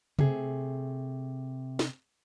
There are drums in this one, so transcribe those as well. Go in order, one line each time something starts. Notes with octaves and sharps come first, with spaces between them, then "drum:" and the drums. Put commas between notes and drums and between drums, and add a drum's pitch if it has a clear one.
C3 A3 G#4, drum: tom C3
drum: snare